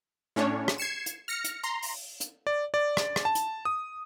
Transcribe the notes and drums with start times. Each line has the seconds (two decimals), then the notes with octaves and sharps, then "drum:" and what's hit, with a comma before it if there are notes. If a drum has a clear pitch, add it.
0.36 A2 C#4 D4 C#5
0.68 drum: rim click
0.78 G#6 C7 C#7 E7
1.06 drum: hi-hat
1.28 F6 A#6 C#7
1.44 drum: hi-hat
1.63 A#5 C6
1.83 drum: open hi-hat
2.21 drum: hi-hat
2.47 D5
2.74 D5
2.97 drum: rim click
3.16 drum: rim click
3.25 A5
3.35 drum: hi-hat
3.65 D#6